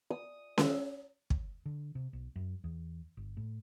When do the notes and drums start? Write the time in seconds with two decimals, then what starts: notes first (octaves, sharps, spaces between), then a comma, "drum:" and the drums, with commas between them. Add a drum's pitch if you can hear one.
0.10 D#6
0.58 E6, drum: snare C#4
1.30 drum: kick
1.66 D3
1.95 C3
2.13 B1
2.36 F#2
2.64 E2
3.17 G1
3.37 A2